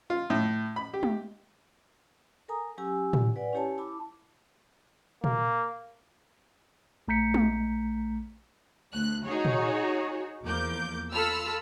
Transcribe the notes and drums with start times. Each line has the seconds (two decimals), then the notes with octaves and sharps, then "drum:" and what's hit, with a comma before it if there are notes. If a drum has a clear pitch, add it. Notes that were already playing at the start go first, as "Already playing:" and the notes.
0.10 F4
0.30 A2
0.76 B5
0.94 G4
1.03 drum: tom G#3
2.48 A4 A#4 G#5 A#5 D#6
2.78 F#3 C#4 G4 G#5 E6
3.13 drum: tom A2
3.36 B4 D5 F#5 G#5
3.53 C#4 E4 G4 C#5 G#5 A5
3.78 E4 A5 B5 D6
5.24 A#3, drum: tom A#2
7.08 A#1 A3 A#5 G6 B6 C#7
7.34 drum: tom G#3
8.93 D2 F#6
9.25 D#4 F#4 G#4 C#5
9.45 drum: tom A#2
10.42 E2 F3 A#3 D6 G6
11.13 F4 A4 A5 B5 E6 F6